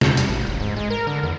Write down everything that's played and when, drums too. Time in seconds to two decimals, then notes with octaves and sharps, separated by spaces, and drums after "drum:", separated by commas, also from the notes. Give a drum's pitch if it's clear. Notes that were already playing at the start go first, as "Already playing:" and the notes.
0.01 E2, drum: snare
0.17 G3, drum: hi-hat
0.29 A1
0.47 D#1
0.60 G#2
0.76 G#3
0.90 A#4
1.07 D3
1.23 E2